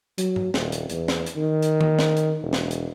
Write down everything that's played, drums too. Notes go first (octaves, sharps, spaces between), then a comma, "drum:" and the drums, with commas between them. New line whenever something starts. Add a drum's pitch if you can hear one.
F#3, drum: hi-hat
drum: tom G#2
D#1, drum: snare
drum: hi-hat
E2, drum: hi-hat
drum: snare
drum: hi-hat
D#3
drum: hi-hat
drum: tom D#3
drum: snare
drum: hi-hat
E1
drum: snare
drum: hi-hat